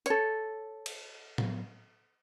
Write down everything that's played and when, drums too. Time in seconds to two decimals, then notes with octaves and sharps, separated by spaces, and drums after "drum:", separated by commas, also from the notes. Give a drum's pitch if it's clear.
0.06 A4 C#5, drum: hi-hat
0.86 drum: cymbal
1.38 drum: tom A2